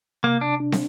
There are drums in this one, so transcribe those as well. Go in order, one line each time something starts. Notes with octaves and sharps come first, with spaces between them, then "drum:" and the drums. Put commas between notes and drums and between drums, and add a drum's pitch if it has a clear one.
C3 A#3
D4
D4
drum: snare